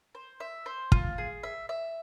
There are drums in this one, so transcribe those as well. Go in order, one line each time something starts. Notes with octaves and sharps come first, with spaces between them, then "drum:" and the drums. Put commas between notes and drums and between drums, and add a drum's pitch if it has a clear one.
C5
E5
C5
F4, drum: kick
G#4
E5
E5